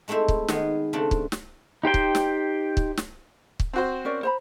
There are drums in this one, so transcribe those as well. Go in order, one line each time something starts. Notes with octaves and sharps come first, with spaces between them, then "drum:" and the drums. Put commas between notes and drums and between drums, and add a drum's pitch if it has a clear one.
G#3 A3 C4 E4 C5
drum: kick
D#3 B3 G#4, drum: snare
C#3 A3 C4 D4
drum: kick
drum: snare
D#4 G4 C5 G5
drum: kick
drum: snare
drum: kick
drum: snare
drum: kick
C4 F#4 C5
C#4 A#4 D5
C5 A#5 B5